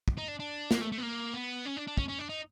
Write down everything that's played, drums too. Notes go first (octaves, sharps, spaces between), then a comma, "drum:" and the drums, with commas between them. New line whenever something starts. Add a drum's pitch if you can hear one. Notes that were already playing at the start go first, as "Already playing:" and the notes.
drum: kick
D#4
D4
D4
A#3, drum: snare
A3
A3
B3
A#3
B3
C#4
D4
D4
C#4, drum: kick
C#4
D4
D#4